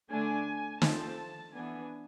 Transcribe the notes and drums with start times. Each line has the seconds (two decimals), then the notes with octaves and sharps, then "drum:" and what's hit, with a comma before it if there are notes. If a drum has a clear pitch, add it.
0.10 D3 A3 D4 G#5
0.82 F3 A3 C4 A5, drum: snare
1.54 E3 B3 D4 G#5